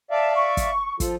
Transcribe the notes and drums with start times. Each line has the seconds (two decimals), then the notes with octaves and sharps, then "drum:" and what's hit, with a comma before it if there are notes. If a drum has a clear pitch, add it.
0.11 D5 E5 F5 A5
0.35 C#6
0.57 drum: kick, hi-hat
1.00 F3 F4 A4, drum: kick, hi-hat